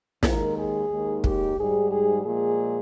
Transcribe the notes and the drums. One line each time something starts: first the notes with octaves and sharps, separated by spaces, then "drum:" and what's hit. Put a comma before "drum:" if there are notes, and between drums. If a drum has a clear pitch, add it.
D#2 D#3 G#3 A#4, drum: snare
G#4
D#2 D#3 G#3
G4, drum: kick
G#2 G3 G#4
G#4
A#2 F3 G#3 G#4